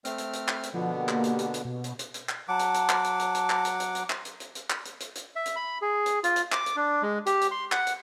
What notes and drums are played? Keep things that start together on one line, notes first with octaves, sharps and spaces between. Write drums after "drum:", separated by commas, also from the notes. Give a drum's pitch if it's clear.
A3 C4 F6, drum: hi-hat
drum: hi-hat
drum: hi-hat
drum: clap
drum: hi-hat
B2 D3 F3 B3
A#3 G4
drum: clap
drum: hi-hat
drum: hi-hat
drum: hi-hat
B2
drum: hi-hat
drum: hi-hat
drum: hi-hat
drum: clap
F#3 F#5 A5 D6
drum: hi-hat
drum: hi-hat
drum: clap
drum: hi-hat
drum: hi-hat
drum: hi-hat
drum: clap
drum: hi-hat
drum: hi-hat
drum: hi-hat
drum: clap
drum: hi-hat
drum: hi-hat
drum: hi-hat
drum: clap
drum: hi-hat
drum: hi-hat
drum: hi-hat
E5
drum: hi-hat
B5
G#4
drum: hi-hat
F4, drum: hi-hat
drum: hi-hat
D6, drum: clap
drum: hi-hat
D4
G#3
G4, drum: hi-hat
drum: hi-hat
C6
F#5, drum: clap
drum: hi-hat